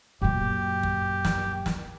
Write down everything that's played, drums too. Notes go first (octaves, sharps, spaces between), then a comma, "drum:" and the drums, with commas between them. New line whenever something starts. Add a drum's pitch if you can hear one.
F#2 A#2 G4
drum: kick
drum: snare
drum: snare